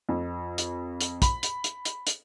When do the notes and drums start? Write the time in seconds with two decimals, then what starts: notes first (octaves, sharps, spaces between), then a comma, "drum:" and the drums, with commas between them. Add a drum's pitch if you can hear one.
0.09 F2
0.58 drum: hi-hat
1.01 drum: hi-hat
1.22 B5, drum: kick, hi-hat
1.43 drum: hi-hat
1.64 drum: hi-hat
1.85 drum: hi-hat
2.07 drum: hi-hat